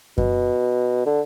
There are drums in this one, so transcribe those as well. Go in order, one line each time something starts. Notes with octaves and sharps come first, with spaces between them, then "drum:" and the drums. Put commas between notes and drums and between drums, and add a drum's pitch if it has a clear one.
B2, drum: kick F#2
D3